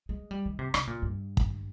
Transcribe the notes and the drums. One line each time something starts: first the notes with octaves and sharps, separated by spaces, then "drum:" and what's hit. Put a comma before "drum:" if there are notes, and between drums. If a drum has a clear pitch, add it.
G#3
G3
D#3
C3
C3, drum: rim click
A#2
G2
drum: kick